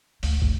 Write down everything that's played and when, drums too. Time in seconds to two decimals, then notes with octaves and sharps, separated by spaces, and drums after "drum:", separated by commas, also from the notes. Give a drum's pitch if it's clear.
0.23 D2, drum: open hi-hat
0.42 drum: kick